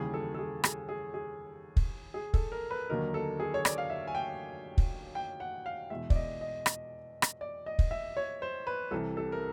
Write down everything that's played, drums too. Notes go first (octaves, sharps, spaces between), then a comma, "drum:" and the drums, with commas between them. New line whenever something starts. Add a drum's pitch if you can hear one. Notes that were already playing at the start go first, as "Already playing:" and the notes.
Already playing: D#2 C#3 E3 G3 G#4
A4
A4
G#4
G#4, drum: rim click
G#4
G#4
drum: kick
G#4
A4, drum: kick
A#4
B4
D#2 D3 F#3 A#3 D#4 A#4
A4
G#4
C#5
D5, drum: rim click
F5
E5
G#5
G5
drum: kick
G5
F#5
F5
E2 B2 G#3 E5
D5, drum: kick
D#5
D#5
drum: rim click
drum: rim click
D5
D#5
drum: kick
E5
C#5
C5
B4
C2 C3 E3 A4
A4
A#4